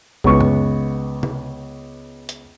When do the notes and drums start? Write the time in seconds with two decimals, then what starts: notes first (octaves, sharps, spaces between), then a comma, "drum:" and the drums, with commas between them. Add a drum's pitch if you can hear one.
0.24 C#2 B3 C#6, drum: kick C2
0.41 drum: tom F#2
1.23 drum: tom C3
2.29 drum: hi-hat